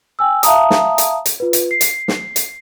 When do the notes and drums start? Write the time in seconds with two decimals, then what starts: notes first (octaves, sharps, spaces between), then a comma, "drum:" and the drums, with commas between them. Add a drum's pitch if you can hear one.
0.19 G5 G#5 E6
0.43 E5 F5 A5 A#5 D#6, drum: hi-hat
0.70 drum: snare
0.98 drum: hi-hat
1.26 drum: hi-hat
1.40 F4 B4
1.53 drum: hi-hat
1.71 C7
1.81 drum: hi-hat
2.08 drum: snare
2.36 drum: hi-hat